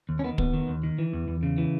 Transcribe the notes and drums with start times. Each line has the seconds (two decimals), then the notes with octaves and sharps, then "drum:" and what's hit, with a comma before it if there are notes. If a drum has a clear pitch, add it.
0.09 D#2
0.19 C#4
0.24 D#3 B3
0.38 D#2 B3, drum: kick
0.54 D#3
0.68 D#2
0.83 D#3
0.99 E3
1.13 E2
1.28 E2
1.43 C#3
1.58 E3